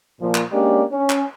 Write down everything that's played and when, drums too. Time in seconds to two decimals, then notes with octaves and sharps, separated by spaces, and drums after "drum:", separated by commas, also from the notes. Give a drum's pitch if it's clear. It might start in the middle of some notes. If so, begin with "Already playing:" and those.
0.20 A#2 F3
0.35 drum: clap
0.52 G#3 A#3 C#4 D4 G4 D5
0.91 C#4
1.10 drum: clap